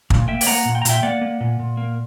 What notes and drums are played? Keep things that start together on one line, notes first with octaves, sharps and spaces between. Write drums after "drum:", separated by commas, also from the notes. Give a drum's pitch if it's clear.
A#2, drum: kick
A#3 E5 G5
G5, drum: open hi-hat
A#3 F#5 A#5
A#2
G5
A#5
A#2 E5 G5, drum: hi-hat
A#3 D5 F#5
A#3
A#2
A#2
A#3